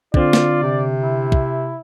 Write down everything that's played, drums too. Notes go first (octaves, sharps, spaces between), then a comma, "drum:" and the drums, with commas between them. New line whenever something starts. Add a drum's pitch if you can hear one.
D3 C4 F4 D5, drum: kick
drum: snare
C3
E4
drum: kick